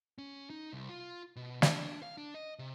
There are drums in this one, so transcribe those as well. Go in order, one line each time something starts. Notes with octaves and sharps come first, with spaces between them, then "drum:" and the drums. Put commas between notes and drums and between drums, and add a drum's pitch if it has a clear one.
C#4
D#4
C2
F4
B2
D4, drum: snare
F5
D4
D#5
C3